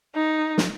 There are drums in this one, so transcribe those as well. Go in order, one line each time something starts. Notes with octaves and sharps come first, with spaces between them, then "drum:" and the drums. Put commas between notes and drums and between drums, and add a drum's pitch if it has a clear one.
D#4
drum: snare